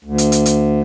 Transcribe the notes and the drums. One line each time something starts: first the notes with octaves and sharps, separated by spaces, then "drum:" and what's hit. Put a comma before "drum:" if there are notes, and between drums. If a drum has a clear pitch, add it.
D2
drum: hi-hat
drum: hi-hat
drum: hi-hat